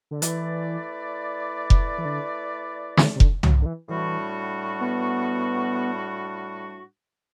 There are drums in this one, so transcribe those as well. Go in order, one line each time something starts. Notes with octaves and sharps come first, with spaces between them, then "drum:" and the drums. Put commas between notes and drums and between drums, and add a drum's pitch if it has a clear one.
D3
E3 A3 E4 B4 D5, drum: hi-hat
drum: kick F1
E3
D3
C3, drum: snare
C3
D3, drum: kick F1
F#3, drum: tom C2
D3
E3
A2 E3 G3 D4 F#4
B3